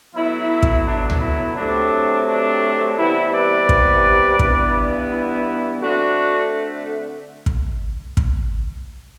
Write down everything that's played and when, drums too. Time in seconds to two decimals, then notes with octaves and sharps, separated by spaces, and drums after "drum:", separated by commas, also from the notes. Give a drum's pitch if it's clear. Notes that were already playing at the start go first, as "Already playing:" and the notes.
0.15 A2 F#3 B3 E4
0.63 drum: kick
0.87 D4
1.10 drum: tom C#2
1.21 E4
1.57 C3 F#3 A3 C4 D4
2.28 D4
2.98 C3 E3 G3 B3 E4
3.34 B4 D5
3.69 drum: kick
4.39 G2 E3 B3, drum: kick
5.10 E4
5.81 D3 A3 C4 D4 F#4
7.46 drum: kick
8.17 drum: kick